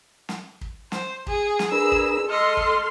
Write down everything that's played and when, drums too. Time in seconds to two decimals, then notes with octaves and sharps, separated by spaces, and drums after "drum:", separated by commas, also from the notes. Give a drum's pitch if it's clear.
0.29 drum: snare
0.61 drum: kick
0.92 C5, drum: snare
1.27 G#4, drum: kick
1.59 drum: snare
1.72 D4 G#4 A#4 B4 E6
1.92 drum: kick
2.30 A4 D#5 C6 F6
2.57 drum: kick